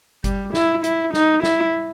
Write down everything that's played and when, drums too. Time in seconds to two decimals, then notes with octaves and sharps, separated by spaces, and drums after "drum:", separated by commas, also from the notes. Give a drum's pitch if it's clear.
0.24 G3, drum: kick G1, hi-hat
0.54 E4, drum: snare
0.84 E4, drum: hi-hat
1.13 D#4, drum: snare
1.43 E4, drum: snare